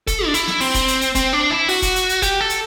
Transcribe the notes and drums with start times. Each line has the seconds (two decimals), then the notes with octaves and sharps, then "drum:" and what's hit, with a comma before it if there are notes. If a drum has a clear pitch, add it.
0.07 A4, drum: kick, hi-hat
0.26 D4
0.34 E4, drum: hi-hat
0.47 drum: snare
0.60 C4, drum: open hi-hat
0.74 drum: kick, hi-hat
0.88 drum: hi-hat
1.01 drum: hi-hat
1.15 C4, drum: kick, hi-hat
1.33 D4
1.51 E4
1.69 F#4, drum: open hi-hat
1.82 drum: kick, hi-hat
1.96 drum: hi-hat
2.09 drum: hi-hat
2.22 G4, drum: kick, hi-hat
2.41 A4
2.50 drum: hi-hat